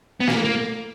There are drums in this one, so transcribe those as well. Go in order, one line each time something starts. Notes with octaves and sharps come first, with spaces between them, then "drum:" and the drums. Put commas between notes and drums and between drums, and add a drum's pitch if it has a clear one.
B3
A#3, drum: snare
A#3